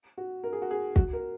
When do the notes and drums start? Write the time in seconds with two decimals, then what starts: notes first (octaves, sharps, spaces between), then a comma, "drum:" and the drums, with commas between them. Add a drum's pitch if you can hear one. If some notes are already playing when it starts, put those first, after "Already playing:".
0.18 F#4
0.44 A#4
0.53 G#4
0.62 F#4
0.71 G#4
0.96 F#4, drum: kick
1.13 A#4